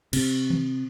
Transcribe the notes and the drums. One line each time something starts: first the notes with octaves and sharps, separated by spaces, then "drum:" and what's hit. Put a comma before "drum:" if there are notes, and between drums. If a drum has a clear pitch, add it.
C3, drum: cymbal
drum: tom D#3